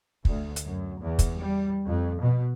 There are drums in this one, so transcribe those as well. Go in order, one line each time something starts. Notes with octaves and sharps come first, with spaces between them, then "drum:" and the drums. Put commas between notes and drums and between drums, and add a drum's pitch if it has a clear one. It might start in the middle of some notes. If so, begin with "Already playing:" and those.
D2, drum: kick
drum: hi-hat
F#2
E2
drum: kick, hi-hat
G3
F2
B2